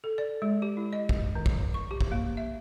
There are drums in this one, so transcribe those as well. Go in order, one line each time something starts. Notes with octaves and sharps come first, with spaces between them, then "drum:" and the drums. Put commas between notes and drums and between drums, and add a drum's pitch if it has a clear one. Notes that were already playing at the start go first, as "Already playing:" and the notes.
A4
D5
G#3
G4
E4
D#5
drum: kick
D#3
drum: kick
C#6
G4
drum: kick
A#3
E5